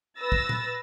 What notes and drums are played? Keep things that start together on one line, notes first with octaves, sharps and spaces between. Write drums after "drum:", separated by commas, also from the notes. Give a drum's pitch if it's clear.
B4 E6 A6 A#6
drum: kick
drum: tom